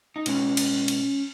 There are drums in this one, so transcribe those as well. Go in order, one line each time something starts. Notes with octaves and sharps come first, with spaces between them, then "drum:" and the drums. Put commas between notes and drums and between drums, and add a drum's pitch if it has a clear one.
D#4
B2 G#3 C#4, drum: cymbal
drum: cymbal
drum: cymbal